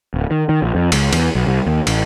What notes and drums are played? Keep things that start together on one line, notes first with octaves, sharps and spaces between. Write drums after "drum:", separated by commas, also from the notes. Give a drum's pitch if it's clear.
D1
D#3
D#3
A#1
F2
C#2, drum: cymbal
E2, drum: cymbal
B1
C2
D#2
A1, drum: cymbal